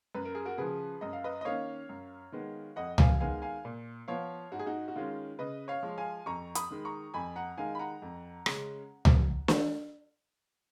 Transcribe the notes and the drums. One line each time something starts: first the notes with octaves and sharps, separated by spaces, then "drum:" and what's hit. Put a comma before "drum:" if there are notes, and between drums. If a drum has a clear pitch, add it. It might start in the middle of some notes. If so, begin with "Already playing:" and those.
F#2 B4
A#4
G#4
F#4 A#4
C#3 F3 G#4 B4
F#2 D#5
F5
B4 D#5
D#5
D#3 A#3 C#4 C#5 F5
F#2
D#3 G#3 B3
F2 D#5 F#5
F5 G#5, drum: tom C#2
D#3 G#3 B3 F5 G#5
F5 G#5
A#2
F3 B3 C#5 F5
G#2 F#4
G#4
D#4 F#4
F#4
D#3 G#3 C#4 F4
C#3 B4 D#5
C#5 F5
F3 G#3
F5 G#5
F2 A#5 C#6
B5 D#6, drum: hi-hat
D#3 G#3
A#5 C#6
F2 G#5 B5
F#5 A#5
D#3 G#3 F5 G#5
B5
F#5 A#5
F2
C#3 G#3 C#4, drum: rim click
drum: tom C#2
drum: snare